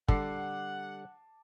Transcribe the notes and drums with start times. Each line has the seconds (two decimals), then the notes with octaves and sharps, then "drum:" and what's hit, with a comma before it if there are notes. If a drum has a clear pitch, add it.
0.08 D3 G3 F#5 A5 D6 C7, drum: kick